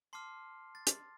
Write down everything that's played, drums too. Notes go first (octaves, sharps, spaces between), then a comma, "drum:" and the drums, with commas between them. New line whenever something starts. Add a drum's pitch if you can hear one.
A5 C6 D6 F6 C7
A6
drum: hi-hat